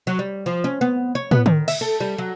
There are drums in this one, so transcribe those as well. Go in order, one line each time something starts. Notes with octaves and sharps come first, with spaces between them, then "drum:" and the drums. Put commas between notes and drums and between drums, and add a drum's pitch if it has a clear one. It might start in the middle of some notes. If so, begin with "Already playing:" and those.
F#3
G3
F3
C#4
B3
C#5
B3, drum: tom
D#3, drum: tom D3
E5, drum: cymbal
A4
G3
F#3